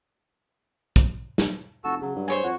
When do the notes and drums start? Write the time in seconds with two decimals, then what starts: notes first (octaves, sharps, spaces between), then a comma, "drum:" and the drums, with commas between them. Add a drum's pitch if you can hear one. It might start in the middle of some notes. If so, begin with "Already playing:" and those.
0.96 drum: kick, hi-hat
1.38 drum: snare
1.84 F1 F#4 A4 E6
2.02 C#3 F#3
2.16 G2
2.28 C5 C#5 G#5
2.44 F2 F#4 F#5